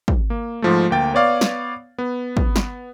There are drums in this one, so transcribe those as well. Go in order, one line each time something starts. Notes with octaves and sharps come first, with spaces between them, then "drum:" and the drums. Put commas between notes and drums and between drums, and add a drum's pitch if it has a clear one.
drum: kick
A#3
G#2 F3 A3
D2 A#3 G5 A6
B3 C#5 D5 F5
drum: snare
B3
drum: kick
drum: snare